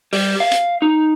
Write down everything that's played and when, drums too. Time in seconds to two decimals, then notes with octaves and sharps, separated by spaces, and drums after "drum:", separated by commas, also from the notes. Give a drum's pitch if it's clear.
0.13 G3, drum: open hi-hat
0.40 F5
0.52 drum: hi-hat
0.82 D#4